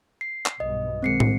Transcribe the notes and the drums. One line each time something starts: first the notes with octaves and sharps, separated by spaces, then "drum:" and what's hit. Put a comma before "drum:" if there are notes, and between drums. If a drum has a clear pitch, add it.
C7
drum: clap
B1 G2 B2 D#5
B1 D#3 G#3 C4 C7 C#7
drum: tom